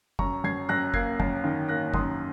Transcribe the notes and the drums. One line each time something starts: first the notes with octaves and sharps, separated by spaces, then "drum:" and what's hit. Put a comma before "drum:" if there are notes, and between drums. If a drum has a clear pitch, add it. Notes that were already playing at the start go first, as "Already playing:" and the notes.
F#2 A#5 C#6, drum: kick
F#2 G#6 C7
F#2 F#6 A#6
A#3 G#6 C7, drum: kick
F#2, drum: kick
D#3
A#3 F#6 A#6
F#2 C6 D#6, drum: kick